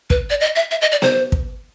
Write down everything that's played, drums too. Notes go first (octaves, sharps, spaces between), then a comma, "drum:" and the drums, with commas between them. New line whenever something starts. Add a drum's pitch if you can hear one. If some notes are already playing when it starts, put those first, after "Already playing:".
B4, drum: kick
D5
D#5
E5
E5
D#5
D5
C5, drum: snare B3
drum: kick